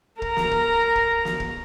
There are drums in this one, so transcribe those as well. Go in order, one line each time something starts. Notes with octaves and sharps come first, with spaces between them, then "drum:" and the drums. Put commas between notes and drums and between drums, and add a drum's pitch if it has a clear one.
A#4 A#5, drum: kick
drum: snare
drum: kick
drum: kick
drum: snare
drum: kick